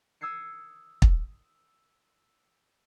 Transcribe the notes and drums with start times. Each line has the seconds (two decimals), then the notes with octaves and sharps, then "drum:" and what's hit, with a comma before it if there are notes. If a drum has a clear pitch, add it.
0.21 D#6 E6 G#6 C7 C#7
1.02 drum: kick